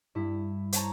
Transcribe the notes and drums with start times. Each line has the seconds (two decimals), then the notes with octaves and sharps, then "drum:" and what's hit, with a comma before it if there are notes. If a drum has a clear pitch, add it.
0.15 G2 E4
0.72 C5 C#5 A5 A#5, drum: hi-hat